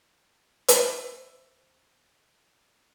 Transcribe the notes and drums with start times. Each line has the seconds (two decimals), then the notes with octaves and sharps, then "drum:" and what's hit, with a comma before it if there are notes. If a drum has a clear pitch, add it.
0.68 C5 E5 C6 C#6, drum: hi-hat